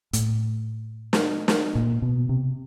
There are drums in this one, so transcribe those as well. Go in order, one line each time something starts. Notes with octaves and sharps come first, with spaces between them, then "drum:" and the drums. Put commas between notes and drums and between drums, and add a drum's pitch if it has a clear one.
A2, drum: hi-hat
drum: snare
drum: snare
A#2
B2
C3